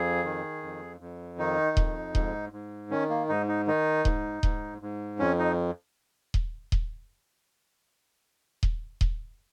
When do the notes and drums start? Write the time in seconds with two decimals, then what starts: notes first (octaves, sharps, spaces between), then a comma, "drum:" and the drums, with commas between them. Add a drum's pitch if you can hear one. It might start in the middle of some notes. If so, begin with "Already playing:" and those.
Already playing: F2 G#4
0.24 D#3
0.63 F2
1.00 F2
1.38 D#3 D#4
1.77 F2, drum: kick D#1
2.15 G#2, drum: kick D#1
2.52 G#2
2.91 D#3 C#4
3.10 A#3
3.29 G#2 D#4
3.48 D#4
3.67 D#3 D#4
4.05 G#2, drum: kick D#1
4.43 G#2, drum: kick D#1
4.82 G#2
5.19 F2 C#4
5.39 D#4
6.34 drum: kick D#1
6.72 drum: kick D#1
8.63 drum: kick D#1
9.01 drum: kick D#1